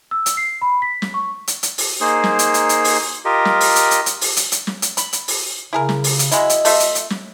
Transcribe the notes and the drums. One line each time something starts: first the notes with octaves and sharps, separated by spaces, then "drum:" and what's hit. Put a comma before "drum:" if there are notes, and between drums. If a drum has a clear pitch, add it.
E6
drum: hi-hat
C7
B5
B6
drum: snare
C#6
drum: hi-hat
drum: hi-hat
drum: open hi-hat
A#3 D#4 G#4 C5
drum: snare
drum: hi-hat
drum: hi-hat
drum: hi-hat
drum: open hi-hat
F4 G4 A#4 D#5
drum: snare
drum: open hi-hat
drum: hi-hat
drum: hi-hat
drum: hi-hat
drum: open hi-hat
drum: hi-hat
drum: hi-hat
drum: snare
drum: hi-hat
B5, drum: hi-hat
drum: hi-hat
drum: open hi-hat
C#3 E4 G#4 A#4
drum: snare
drum: open hi-hat
drum: hi-hat
F#3 G#3 E4 D#5, drum: hi-hat
drum: hi-hat
A3 F4 E5, drum: open hi-hat
drum: hi-hat
drum: hi-hat
drum: snare